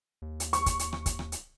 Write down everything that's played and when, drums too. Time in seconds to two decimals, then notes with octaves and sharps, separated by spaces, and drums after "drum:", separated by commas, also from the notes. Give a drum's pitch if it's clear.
0.22 D#2
0.40 drum: hi-hat
0.53 C#6, drum: hi-hat
0.66 drum: kick, hi-hat
0.79 drum: hi-hat
0.93 drum: rim click
1.06 drum: kick, hi-hat
1.19 drum: rim click
1.32 drum: hi-hat